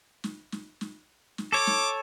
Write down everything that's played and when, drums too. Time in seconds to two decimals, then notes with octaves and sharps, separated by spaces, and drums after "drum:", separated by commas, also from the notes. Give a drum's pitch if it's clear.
0.24 drum: snare
0.52 drum: snare
0.81 drum: snare
1.38 drum: snare
1.52 A4 C#5 D6
1.67 drum: snare